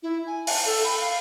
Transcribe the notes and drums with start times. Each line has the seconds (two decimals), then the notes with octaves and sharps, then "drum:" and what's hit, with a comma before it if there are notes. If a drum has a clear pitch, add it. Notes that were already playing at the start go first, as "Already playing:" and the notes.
0.03 E4
0.27 G#5
0.47 A5, drum: open hi-hat
0.66 A4
0.84 B5
1.00 F5